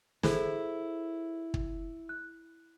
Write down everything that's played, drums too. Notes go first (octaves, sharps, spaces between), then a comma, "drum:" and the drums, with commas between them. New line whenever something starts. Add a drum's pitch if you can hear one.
E4 G#4 A4 C5, drum: snare
drum: kick
F#6